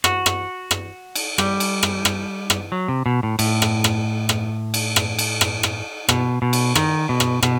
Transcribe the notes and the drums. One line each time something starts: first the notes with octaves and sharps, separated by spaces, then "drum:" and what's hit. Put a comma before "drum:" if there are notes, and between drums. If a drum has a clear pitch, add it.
F#4, drum: rim click
drum: rim click
drum: rim click
drum: cymbal
G3, drum: rim click
drum: cymbal
drum: rim click
drum: rim click
drum: rim click
F#3
C3
B2
A2
A2, drum: cymbal
drum: rim click
drum: rim click
drum: rim click
drum: cymbal
drum: rim click
drum: cymbal
drum: rim click
drum: rim click
B2, drum: rim click
B2
drum: cymbal
D#3, drum: rim click
B2
drum: rim click
B2, drum: rim click